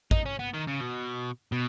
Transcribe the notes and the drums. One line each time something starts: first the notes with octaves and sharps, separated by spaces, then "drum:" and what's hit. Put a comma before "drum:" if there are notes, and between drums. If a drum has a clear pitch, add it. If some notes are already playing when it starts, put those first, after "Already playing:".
D#4, drum: kick
C#4
B3
D#3
C#3
B2
B2